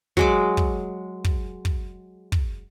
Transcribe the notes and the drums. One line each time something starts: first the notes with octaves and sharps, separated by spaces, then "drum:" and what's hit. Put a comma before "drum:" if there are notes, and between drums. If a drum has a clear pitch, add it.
F#3 G#3 D6, drum: kick
drum: kick
drum: kick
drum: kick
drum: kick